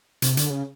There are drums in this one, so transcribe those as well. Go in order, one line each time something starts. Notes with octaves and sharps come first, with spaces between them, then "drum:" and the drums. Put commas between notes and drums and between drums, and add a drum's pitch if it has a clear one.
C3, drum: hi-hat
D3, drum: hi-hat
C#3